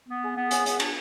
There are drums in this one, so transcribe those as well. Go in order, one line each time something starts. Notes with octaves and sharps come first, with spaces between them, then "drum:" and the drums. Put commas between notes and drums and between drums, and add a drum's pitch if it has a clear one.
B3
G#4
B3
G#4, drum: hi-hat
B3, drum: hi-hat
D4, drum: cymbal